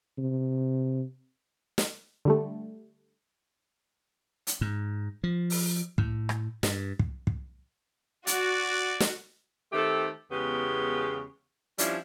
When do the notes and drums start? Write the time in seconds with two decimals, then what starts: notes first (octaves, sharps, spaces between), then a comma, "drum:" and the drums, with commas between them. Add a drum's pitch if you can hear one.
0.18 C3
1.78 drum: snare
2.25 D3 G3 A3
4.47 drum: hi-hat
4.61 G#2
5.24 F3
5.50 drum: open hi-hat
5.98 A2, drum: kick
6.29 drum: rim click
6.63 G2, drum: snare
6.99 drum: kick
7.27 drum: kick
8.27 F#4 D5, drum: hi-hat
9.00 drum: snare
9.73 D#3 A3 C4 G4 A4
10.31 E2 C#3 G#3 B3 G4
11.78 F3 G3 C#4 D4 E4, drum: hi-hat